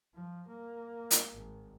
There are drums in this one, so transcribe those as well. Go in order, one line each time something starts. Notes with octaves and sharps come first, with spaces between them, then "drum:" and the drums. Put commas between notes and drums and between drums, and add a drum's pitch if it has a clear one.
F3
A#3
drum: hi-hat
G#1